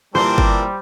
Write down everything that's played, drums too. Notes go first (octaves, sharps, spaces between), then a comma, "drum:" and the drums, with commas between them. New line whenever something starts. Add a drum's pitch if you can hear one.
A#2 E3 G3 A#3 C4 D4 A#4 C5
drum: kick G1